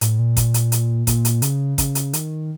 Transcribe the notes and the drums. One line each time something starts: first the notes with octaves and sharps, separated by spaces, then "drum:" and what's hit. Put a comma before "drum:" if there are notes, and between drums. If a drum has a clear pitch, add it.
A2, drum: hi-hat
A#2
drum: kick, hi-hat
drum: hi-hat
drum: hi-hat
A#2, drum: kick, hi-hat
drum: hi-hat
C#3, drum: hi-hat
C#3, drum: kick, hi-hat
drum: hi-hat
D#3, drum: hi-hat